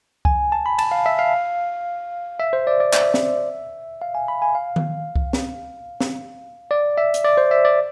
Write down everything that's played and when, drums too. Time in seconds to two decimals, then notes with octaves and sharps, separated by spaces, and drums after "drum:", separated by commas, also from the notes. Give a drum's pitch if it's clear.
0.25 G#5, drum: kick C2
0.52 A5
0.66 B5
0.79 A5, drum: cymbal
0.91 F5
1.06 E5
1.19 F5
2.40 E5
2.53 C5
2.67 D5
2.80 D5
2.93 E5, drum: clap
3.14 drum: snare
4.02 F5
4.15 G#5
4.28 B5
4.42 G#5
4.55 F5
4.76 drum: tom D#3
5.16 drum: kick C2
5.33 drum: snare
6.00 drum: snare
6.71 D5
6.98 E5
7.14 drum: hi-hat
7.24 D5
7.37 C5
7.51 E5
7.65 D5